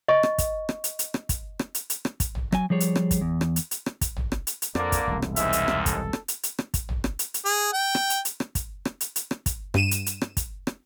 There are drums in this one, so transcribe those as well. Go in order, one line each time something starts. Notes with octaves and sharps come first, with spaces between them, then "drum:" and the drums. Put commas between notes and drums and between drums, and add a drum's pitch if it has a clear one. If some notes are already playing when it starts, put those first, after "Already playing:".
D#5 C#6
drum: rim click
drum: kick, hi-hat
drum: rim click
drum: hi-hat
drum: hi-hat
drum: rim click
drum: kick, hi-hat
drum: rim click
drum: hi-hat
drum: hi-hat
drum: rim click
drum: kick, hi-hat
drum: tom
F#3 G#5, drum: rim click
F3 G3 G#4 C#5
drum: hi-hat
drum: rim click
drum: kick, hi-hat
E2
drum: rim click
drum: hi-hat
drum: hi-hat
drum: rim click
drum: kick, hi-hat
drum: tom
drum: rim click
drum: hi-hat
drum: hi-hat
F2 D3 A#3 D5, drum: rim click
drum: kick, hi-hat
E1 C2
drum: rim click
D#2 G#2 E5, drum: hi-hat
drum: hi-hat
drum: rim click
A4, drum: kick, hi-hat
drum: rim click
drum: hi-hat
drum: hi-hat
drum: rim click
drum: kick, hi-hat
drum: tom
drum: rim click
drum: hi-hat
drum: hi-hat
G#4
G5
drum: rim click
drum: hi-hat
drum: hi-hat
drum: rim click
drum: kick, hi-hat
drum: rim click
drum: hi-hat
drum: hi-hat
drum: rim click
drum: kick, hi-hat
G2 D#7 E7, drum: rim click
drum: hi-hat
drum: hi-hat
drum: rim click
drum: kick, hi-hat
drum: rim click